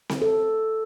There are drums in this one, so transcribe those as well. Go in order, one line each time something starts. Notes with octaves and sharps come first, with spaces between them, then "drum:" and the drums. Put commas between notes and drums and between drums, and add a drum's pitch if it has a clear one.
drum: snare C4
A4